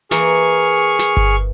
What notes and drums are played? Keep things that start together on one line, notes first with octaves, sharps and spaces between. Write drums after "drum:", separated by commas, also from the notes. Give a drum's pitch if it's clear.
E3 A#3 G#4 C#6 F6, drum: snare
drum: snare
drum: kick G1